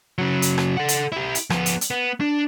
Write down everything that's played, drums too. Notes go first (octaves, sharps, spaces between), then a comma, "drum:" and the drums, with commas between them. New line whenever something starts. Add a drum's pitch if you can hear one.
C#3 F#3
drum: hi-hat
drum: rim click
A4 F#5
drum: hi-hat
E4 G4
drum: hi-hat
F3 B3, drum: rim click
drum: hi-hat
drum: hi-hat
B3
D4